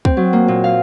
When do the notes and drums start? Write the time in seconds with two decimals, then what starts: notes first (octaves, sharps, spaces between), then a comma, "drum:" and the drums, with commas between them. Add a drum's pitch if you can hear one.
0.05 C4, drum: kick
0.17 F#3
0.33 A#3
0.48 A#2
0.64 F5